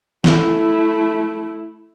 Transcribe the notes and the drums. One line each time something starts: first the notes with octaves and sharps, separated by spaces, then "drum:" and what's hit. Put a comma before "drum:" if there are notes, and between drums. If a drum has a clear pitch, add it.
A3 E4, drum: snare